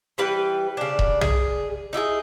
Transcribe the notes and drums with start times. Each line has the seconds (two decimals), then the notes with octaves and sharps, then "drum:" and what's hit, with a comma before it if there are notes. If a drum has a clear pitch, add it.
0.18 E3 G3 B4 G5
0.77 C#3 D4
0.99 drum: kick E1
1.21 G#4, drum: tom B1
1.93 D#4 E4 G4 G#4